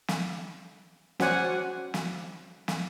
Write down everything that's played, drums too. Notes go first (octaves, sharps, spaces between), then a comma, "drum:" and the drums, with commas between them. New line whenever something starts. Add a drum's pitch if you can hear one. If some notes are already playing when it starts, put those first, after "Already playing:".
drum: snare
C#4 F#4 C5 D5 F#5 G#5, drum: snare
drum: snare
drum: snare